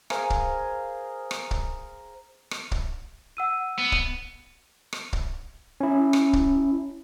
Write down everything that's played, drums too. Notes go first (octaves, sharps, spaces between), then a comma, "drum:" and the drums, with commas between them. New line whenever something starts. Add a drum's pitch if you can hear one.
G#4 A#4 C5 F5, drum: rim click
drum: kick
drum: rim click
drum: kick
drum: rim click
drum: kick
F#5 E6 D#7
B3
drum: kick
drum: rim click
drum: kick
C#4 E4
drum: rim click
drum: kick